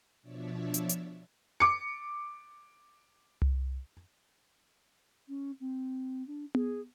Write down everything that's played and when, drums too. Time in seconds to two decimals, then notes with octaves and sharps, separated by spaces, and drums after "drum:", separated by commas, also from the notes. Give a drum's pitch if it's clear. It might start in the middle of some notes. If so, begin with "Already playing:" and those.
0.22 B2 F3 D4 C#5 D5 E5
0.74 drum: hi-hat
0.89 drum: hi-hat
1.60 D6 C#7
3.42 drum: tom C2
5.27 C#4
5.60 C4
6.27 D4
6.55 G#4, drum: tom B3